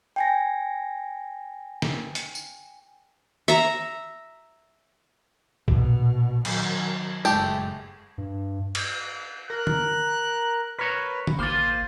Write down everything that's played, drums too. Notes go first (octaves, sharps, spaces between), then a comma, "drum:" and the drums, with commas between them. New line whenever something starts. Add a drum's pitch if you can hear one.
G5 G#5 A#6
drum: snare
drum: hi-hat
drum: tambourine
E5 A#5, drum: hi-hat
A#1 B2, drum: kick
D#3 F#3, drum: cymbal
F#1 G#3 A3 G4, drum: tambourine
G2
drum: cymbal
A#4 F#6
drum: tom
A#4 B4 C#5
drum: tom
A1 A#3 F4 C5 C6